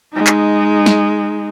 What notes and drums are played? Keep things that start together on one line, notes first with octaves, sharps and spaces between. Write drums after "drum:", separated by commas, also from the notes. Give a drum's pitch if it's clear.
G#3 D#4
drum: clap
drum: snare